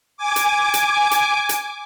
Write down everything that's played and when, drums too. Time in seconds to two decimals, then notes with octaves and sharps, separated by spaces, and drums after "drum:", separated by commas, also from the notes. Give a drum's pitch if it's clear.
0.17 G#5 D6
0.36 drum: hi-hat
0.74 drum: hi-hat
1.11 drum: hi-hat
1.49 drum: hi-hat